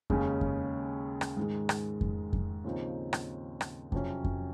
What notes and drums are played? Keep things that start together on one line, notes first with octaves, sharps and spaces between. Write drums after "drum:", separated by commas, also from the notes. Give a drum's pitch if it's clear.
D#2 C#3 G#3 C#4, drum: kick F2
drum: kick F2
drum: rim click
G#2 D#3 G#3
drum: rim click
drum: kick F2
drum: kick F2
D#2 C#3 F3 C4 D#4
drum: rim click
drum: rim click
F2 C3 F#3 C#4, drum: kick F2
drum: kick F2